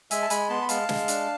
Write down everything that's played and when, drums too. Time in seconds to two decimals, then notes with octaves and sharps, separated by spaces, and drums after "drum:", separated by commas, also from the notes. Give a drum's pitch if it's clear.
0.11 G#3 E5 G#5, drum: hi-hat
0.22 A5
0.30 G#3 G#5 B5, drum: hi-hat
0.49 B3 A5 C6
0.62 B5
0.69 G#3 F5 A5, drum: hi-hat
0.89 G#3, drum: snare
1.08 D4, drum: hi-hat